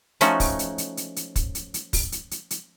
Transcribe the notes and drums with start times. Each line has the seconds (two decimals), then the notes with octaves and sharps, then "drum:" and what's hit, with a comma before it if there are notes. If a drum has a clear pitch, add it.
0.21 F3 A3 C#4 D#4 F#4, drum: hi-hat
0.40 drum: kick, open hi-hat
0.59 drum: hi-hat
0.78 drum: hi-hat
0.97 drum: hi-hat
1.16 drum: hi-hat
1.36 drum: kick, hi-hat
1.55 drum: hi-hat
1.74 drum: hi-hat
1.93 drum: kick, open hi-hat
2.12 drum: hi-hat
2.31 drum: hi-hat
2.51 drum: hi-hat